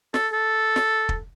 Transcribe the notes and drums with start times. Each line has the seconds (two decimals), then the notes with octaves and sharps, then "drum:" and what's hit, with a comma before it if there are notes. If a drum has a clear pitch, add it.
0.14 A4, drum: snare
0.33 A4
0.76 drum: snare
1.09 drum: kick